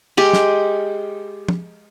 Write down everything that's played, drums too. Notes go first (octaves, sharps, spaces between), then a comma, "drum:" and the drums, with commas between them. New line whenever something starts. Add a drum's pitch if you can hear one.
G#3 G4, drum: cymbal
drum: snare
drum: tom